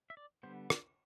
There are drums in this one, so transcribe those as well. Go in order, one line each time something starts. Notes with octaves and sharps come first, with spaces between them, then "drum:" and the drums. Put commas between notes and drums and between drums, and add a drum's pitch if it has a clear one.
E5
D5
D3 G3 B3 C5
D5, drum: rim click